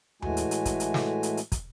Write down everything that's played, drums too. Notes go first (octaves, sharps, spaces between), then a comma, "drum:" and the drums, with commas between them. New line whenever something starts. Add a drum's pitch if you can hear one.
A2 E3 G#3 A3 F#4 G#5, drum: tom D#2
drum: hi-hat
drum: hi-hat
drum: kick, hi-hat
drum: hi-hat
drum: snare
drum: hi-hat
drum: hi-hat
drum: kick, hi-hat